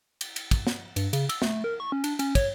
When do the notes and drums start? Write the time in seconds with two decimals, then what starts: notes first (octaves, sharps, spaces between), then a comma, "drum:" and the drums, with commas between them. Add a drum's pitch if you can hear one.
0.21 drum: cymbal
0.36 drum: cymbal
0.51 drum: kick, cymbal
0.67 drum: snare
0.96 G2, drum: cymbal
1.13 C#3, drum: cymbal
1.29 E6, drum: cymbal
1.42 A3, drum: snare
1.64 A#4
1.80 C#6
1.92 C#4
2.04 D4, drum: cymbal
2.19 C#4, drum: cymbal
2.35 C#5, drum: kick, cymbal